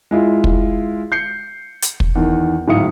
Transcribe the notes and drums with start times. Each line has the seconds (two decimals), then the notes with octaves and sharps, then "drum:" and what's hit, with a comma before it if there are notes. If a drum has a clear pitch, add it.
0.11 G#3 E4 F4
0.44 drum: kick
1.12 G6 C7 C#7
1.82 drum: hi-hat
2.00 drum: kick
2.15 E2 D#3
2.68 D1 G#2 E4 F5 D#6 C#7